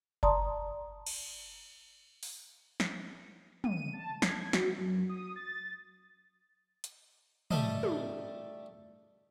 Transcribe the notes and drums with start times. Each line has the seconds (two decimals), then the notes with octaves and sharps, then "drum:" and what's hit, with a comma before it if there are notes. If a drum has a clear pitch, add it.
0.23 D5 A5 A#5 C6 D#6, drum: kick F#1
1.07 drum: cymbal
2.23 drum: open hi-hat
2.80 drum: snare
3.64 D#7, drum: tom
3.93 A5
4.22 G#6, drum: snare
4.53 F#4, drum: snare
4.78 F#2
5.09 D#6
5.36 A6
6.84 drum: hi-hat
7.51 G3 A3 A4 D#5, drum: tom
7.83 drum: tom